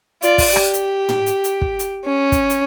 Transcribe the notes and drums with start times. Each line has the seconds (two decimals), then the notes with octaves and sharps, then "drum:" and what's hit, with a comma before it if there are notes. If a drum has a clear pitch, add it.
0.22 F4 D5, drum: hi-hat
0.38 drum: kick, open hi-hat
0.56 G4, drum: rim click
0.73 drum: hi-hat
1.09 drum: tom
1.26 drum: hi-hat
1.44 drum: hi-hat
1.61 drum: kick
1.79 drum: hi-hat
2.05 C#4
2.32 drum: kick, hi-hat
2.50 drum: hi-hat